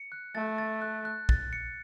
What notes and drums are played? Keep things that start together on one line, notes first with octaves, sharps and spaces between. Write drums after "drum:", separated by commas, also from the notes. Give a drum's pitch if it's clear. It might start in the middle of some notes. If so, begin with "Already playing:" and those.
Already playing: C#7
F#6
A3 A6
A6
F#6
F#6
A6, drum: kick A#1
C#7